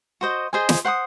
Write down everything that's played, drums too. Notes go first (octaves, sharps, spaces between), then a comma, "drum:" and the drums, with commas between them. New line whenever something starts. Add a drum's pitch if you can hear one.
F#4 C5 D#5
G#4 C5 D#5 G#5
drum: snare
C5 F#5 C6 D#6